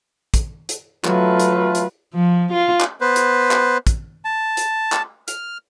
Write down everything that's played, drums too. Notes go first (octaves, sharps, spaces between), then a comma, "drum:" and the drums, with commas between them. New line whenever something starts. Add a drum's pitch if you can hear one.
drum: kick, hi-hat
drum: hi-hat
F#3 A3 F4 B4, drum: clap
drum: hi-hat
drum: hi-hat
F3
F4
drum: clap
B3 B4 C5
drum: hi-hat
drum: clap
drum: kick, hi-hat
A5
drum: hi-hat
drum: clap
F6, drum: hi-hat